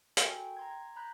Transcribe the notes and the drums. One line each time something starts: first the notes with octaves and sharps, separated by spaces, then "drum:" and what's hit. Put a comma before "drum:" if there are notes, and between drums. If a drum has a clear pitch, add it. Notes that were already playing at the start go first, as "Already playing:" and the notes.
F#4 A4 A#4 G5 G#5, drum: hi-hat
G5
A#5 C6 G#6
G#6
A#5 B5 F#6 G6 B6